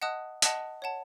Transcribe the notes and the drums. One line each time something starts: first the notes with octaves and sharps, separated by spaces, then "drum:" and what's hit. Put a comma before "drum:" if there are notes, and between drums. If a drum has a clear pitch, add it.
D#5 F#5 A5 D#6 F#6
D#5 F#5 A5 D#6 F#6, drum: hi-hat
C#5 F#5 A5